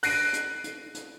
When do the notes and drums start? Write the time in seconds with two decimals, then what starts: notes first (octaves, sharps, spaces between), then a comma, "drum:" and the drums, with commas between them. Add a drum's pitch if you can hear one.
0.03 F#6 A#6 C7 D7 D#7, drum: open hi-hat
0.33 drum: hi-hat
0.64 drum: hi-hat
0.94 drum: hi-hat